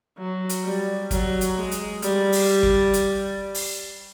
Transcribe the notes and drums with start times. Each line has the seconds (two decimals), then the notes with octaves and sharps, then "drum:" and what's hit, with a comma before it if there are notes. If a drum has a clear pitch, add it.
0.18 F#3
0.49 drum: hi-hat
0.65 G3
1.11 F#3, drum: kick, hi-hat
1.41 drum: hi-hat
1.56 G#3
1.71 drum: hi-hat
2.02 G3, drum: hi-hat
2.32 drum: open hi-hat
2.63 drum: kick
2.93 drum: hi-hat
3.55 drum: open hi-hat